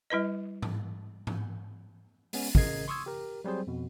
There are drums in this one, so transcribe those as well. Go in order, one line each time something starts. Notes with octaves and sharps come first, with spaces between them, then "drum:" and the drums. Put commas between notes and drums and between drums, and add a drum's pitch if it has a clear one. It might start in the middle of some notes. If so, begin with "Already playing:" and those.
G3 E4 B4 D#5
drum: tom G#2
drum: tom G#2
G#3 B3 C#4, drum: open hi-hat
A1 C#3 A#4 D#5 G#6 C7, drum: kick
C6 C#6 D#6 E6 G#6
G4 A#4
F#3 G3 C4 G#4 C5
F2 B2